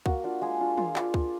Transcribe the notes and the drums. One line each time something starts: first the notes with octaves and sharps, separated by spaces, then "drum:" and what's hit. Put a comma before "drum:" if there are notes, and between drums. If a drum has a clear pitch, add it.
A#3 F#4, drum: kick C#2
D4 F4
G#3 A#3 G#4
D4 F4
A#3 F4 F5, drum: tom
D4 F4, drum: clap
A#3, drum: kick C#2